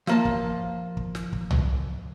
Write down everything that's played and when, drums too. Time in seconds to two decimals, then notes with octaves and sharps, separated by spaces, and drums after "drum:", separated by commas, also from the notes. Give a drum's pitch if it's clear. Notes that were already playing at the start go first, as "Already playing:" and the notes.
0.07 F3 A#3 A5, drum: snare
0.25 drum: kick
0.97 drum: kick
1.15 drum: snare
1.33 drum: kick
1.51 drum: tom C2